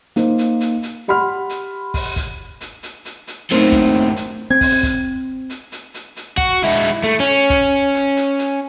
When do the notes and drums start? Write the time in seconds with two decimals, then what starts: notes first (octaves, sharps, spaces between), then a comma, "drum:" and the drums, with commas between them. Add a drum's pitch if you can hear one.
0.16 A#3 D#4 C5, drum: hi-hat
0.38 drum: hi-hat
0.61 drum: hi-hat
0.83 drum: hi-hat
1.08 G4 F#5 B5 C6 F6
1.49 drum: hi-hat
1.94 drum: kick, open hi-hat
2.16 drum: kick, hi-hat
2.61 drum: hi-hat
2.83 drum: hi-hat
3.05 drum: hi-hat
3.27 drum: hi-hat
3.51 F#2 A2 A#3 C4 D#4, drum: hi-hat
3.72 drum: kick, hi-hat
4.16 drum: hi-hat
4.50 C4 G#6
4.61 drum: kick, open hi-hat
4.83 drum: kick, hi-hat
5.50 drum: hi-hat
5.72 drum: hi-hat
5.94 drum: hi-hat
6.16 drum: hi-hat
6.37 F#4, drum: kick
6.64 G#3 E4
6.83 drum: hi-hat
7.04 A3
7.20 C#4
7.50 drum: kick, hi-hat
7.94 drum: hi-hat
8.17 drum: hi-hat
8.39 drum: hi-hat